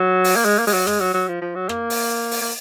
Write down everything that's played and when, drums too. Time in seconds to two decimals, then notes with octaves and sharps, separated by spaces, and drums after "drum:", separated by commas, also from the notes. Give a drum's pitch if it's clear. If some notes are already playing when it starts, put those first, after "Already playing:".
Already playing: F#3
0.24 drum: open hi-hat
0.36 A#3
0.45 G#3
0.59 A#3
0.67 G#3, drum: open hi-hat
0.73 F#3
0.87 G#3, drum: rim click
1.01 F#3
1.14 F#3
1.28 F3
1.42 F3
1.56 F#3
1.69 A#3, drum: rim click
1.90 drum: open hi-hat
2.31 drum: open hi-hat
2.41 A#3